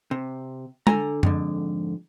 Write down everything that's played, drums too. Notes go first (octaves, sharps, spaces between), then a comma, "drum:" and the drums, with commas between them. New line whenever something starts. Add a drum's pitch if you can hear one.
C3
D3 A4 G#5 A#5, drum: tom
F2 G#2 D3, drum: tom F#2